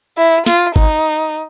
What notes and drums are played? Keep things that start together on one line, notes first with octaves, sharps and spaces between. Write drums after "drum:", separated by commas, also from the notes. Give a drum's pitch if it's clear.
E4
F4, drum: snare
D#4, drum: kick